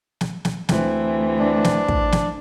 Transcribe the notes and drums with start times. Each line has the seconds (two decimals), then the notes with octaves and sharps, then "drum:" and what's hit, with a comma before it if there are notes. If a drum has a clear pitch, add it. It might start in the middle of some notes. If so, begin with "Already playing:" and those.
0.21 drum: snare
0.45 drum: snare
0.69 D2 E3 C4, drum: snare
1.40 D4
1.64 drum: snare
1.88 drum: kick
2.12 drum: snare